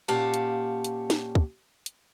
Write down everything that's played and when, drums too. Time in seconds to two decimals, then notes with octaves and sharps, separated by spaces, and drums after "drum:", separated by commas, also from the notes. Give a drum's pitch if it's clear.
0.08 A#2 C#4 G4 F5 F#5 A5
0.34 drum: hi-hat
0.84 drum: hi-hat
1.10 drum: snare
1.35 drum: kick
1.86 drum: hi-hat